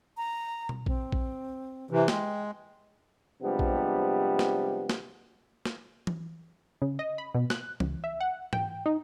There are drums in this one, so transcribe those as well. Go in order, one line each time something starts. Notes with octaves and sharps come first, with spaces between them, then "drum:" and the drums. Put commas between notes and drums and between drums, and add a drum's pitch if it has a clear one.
A#5
drum: tom B2
C4, drum: kick A#1
drum: kick A#1
C3 E3
G#3 G5, drum: snare
C3 F3 G3 G#3 B3 D4
drum: kick A#1
drum: snare
drum: snare
drum: snare
drum: tom E3
C#3
D#5
B5
B2
F#6, drum: snare
C#2, drum: tom E3
E5
F#5
G5, drum: tom G#2
D#4